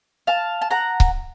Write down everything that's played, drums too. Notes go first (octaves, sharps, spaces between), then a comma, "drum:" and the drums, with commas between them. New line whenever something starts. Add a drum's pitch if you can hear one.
F5 A5
A5
F#5 A#5
drum: kick C#1